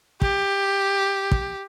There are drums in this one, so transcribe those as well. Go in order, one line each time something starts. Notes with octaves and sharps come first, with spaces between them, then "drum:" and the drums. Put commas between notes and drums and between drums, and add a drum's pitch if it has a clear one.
G4, drum: kick
drum: kick